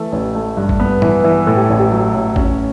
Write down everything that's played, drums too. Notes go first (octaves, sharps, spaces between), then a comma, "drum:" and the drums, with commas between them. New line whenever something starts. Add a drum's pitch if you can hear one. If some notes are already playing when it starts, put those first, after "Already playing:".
Already playing: E3 A3 A4
A1
A3
G2
drum: kick
B3
E3, drum: tom
E3
A2 A4
G4
A1
G4
F#3
A2
C#4, drum: kick